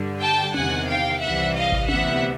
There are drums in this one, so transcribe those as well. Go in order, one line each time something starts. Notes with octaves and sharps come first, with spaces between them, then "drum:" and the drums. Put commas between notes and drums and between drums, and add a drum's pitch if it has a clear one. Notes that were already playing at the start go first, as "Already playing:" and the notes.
Already playing: G2 D3 G3
G5 A5
E2 C3 D#3 F#5 G#5, drum: tom C#4
F5 G5
C2 C3 E3 G3 E5 F#5
D#5 F5
drum: kick G#1
D2 C3 E3 G3 B3 E5 F#5, drum: tom C#4